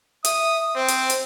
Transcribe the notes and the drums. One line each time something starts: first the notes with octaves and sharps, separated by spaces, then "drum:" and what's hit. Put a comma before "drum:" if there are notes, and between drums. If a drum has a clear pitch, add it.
E5 D#6, drum: hi-hat
C4 C5
drum: hi-hat
drum: hi-hat